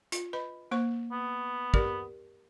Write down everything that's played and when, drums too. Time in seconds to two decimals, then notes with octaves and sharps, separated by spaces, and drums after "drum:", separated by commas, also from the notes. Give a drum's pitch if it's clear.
0.12 F4, drum: hi-hat
0.33 B4 D#5 B5
0.71 A#3 C5 C#6
1.12 B3
1.74 G4 A#4 D5, drum: kick